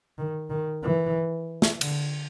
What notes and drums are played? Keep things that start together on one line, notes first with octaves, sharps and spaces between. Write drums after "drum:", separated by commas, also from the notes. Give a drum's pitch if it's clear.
D#3
D#3
E3
drum: snare
D3, drum: cymbal